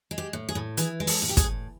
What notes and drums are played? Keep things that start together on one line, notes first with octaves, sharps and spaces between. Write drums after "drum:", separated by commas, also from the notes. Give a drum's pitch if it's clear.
G#3
G4
A2
G#4
A2
E3 G#4, drum: hi-hat
G#3
A4, drum: open hi-hat
A2
G4
G#4, drum: kick, hi-hat
A2